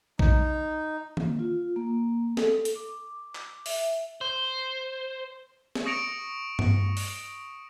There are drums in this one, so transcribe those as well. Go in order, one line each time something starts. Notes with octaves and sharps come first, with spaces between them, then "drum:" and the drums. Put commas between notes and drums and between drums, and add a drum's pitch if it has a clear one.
D#4, drum: kick A#1
A#3, drum: tom D#3
F4
A#3
A4, drum: snare
drum: hi-hat
D6
drum: clap
E5, drum: open hi-hat
C5
drum: snare
C#6 D#6 A#6 C#7 D7 F7
drum: tom G2
drum: open hi-hat